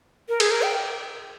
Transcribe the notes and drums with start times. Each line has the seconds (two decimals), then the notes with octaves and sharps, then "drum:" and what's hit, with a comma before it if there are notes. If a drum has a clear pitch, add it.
0.29 A#4
0.40 G#4, drum: cymbal
0.51 A#4
0.62 G5